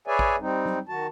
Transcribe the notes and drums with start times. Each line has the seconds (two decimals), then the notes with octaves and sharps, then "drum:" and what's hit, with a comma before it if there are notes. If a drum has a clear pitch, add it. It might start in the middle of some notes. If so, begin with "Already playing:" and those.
0.07 G#4 B4 C#5 D5 E5 G#5
0.19 drum: kick A1
0.40 G3 C4 D#4
0.66 drum: tom F#3
0.89 D#3 F#4 A5